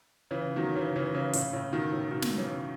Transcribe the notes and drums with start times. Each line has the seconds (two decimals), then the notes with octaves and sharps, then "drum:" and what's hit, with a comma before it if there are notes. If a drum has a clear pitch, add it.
0.31 C#3 E3
0.56 D#3 F#3
0.75 C#3 E3
0.96 C#3 E3
1.15 C#3 E3
1.33 A2 C#3, drum: hi-hat
1.53 A2 C#3
1.72 B2 D#3
1.92 A2 C#3
2.11 B2 D#3
2.22 drum: snare
2.37 C#3 E3